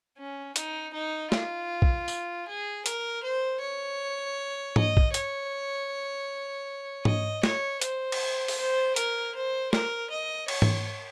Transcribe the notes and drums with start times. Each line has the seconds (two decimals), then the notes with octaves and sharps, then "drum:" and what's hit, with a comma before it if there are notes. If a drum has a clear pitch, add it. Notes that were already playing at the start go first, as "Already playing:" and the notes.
0.19 C#4
0.56 D#4, drum: hi-hat
0.94 D#4
1.32 F4, drum: snare
1.82 drum: kick
2.08 drum: tambourine
2.48 G#4
2.86 A#4, drum: hi-hat
3.23 C5
3.61 C#5
4.76 D#5, drum: tom G#2
4.97 drum: kick
5.14 C#5, drum: hi-hat
7.05 D#5, drum: tom G#2
7.43 C#5, drum: snare
7.82 C5, drum: hi-hat
8.12 drum: cymbal
8.48 drum: open hi-hat
8.58 C5
8.96 A#4, drum: hi-hat
9.35 C5
9.73 A#4, drum: snare
10.11 D#5
10.48 C#5, drum: cymbal
10.62 drum: tom G#2